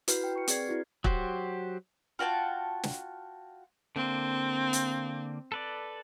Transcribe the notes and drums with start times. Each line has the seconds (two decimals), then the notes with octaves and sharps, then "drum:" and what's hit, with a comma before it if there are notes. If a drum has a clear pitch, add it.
0.08 E4 F#4 B4 F6 G6 C7, drum: hi-hat
0.24 G5
0.36 C#6 C#7
0.48 C4 G#4 B4 D5 G#6 C7, drum: hi-hat
0.68 E4 F#4
1.04 F#3 F#4 G4 C5, drum: kick
2.19 F4 F#4 G5 A5
2.83 drum: snare
3.96 D3 A#3 C4
4.73 drum: hi-hat
5.52 A4 B4 D5